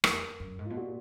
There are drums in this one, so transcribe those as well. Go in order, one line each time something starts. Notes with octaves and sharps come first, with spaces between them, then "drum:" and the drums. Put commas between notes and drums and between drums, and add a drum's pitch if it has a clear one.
F2 A#4, drum: rim click
F#2
G#2
B2 F4
A#2 F#4